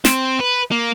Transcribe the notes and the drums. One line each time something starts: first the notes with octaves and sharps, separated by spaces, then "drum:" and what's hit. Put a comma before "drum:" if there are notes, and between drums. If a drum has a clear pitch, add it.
C4, drum: snare
B4
A#3